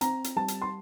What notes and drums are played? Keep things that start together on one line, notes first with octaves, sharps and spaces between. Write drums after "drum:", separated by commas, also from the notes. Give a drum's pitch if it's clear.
C4 A#5, drum: hi-hat
drum: hi-hat
G3 A5
drum: hi-hat
C6